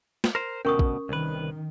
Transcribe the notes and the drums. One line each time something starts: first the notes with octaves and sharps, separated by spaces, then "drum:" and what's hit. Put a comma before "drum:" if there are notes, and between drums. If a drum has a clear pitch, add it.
drum: snare
A#4 C5
D2 B2 C#4 A#4 C#6 D#6
drum: kick
C2 D#3 B4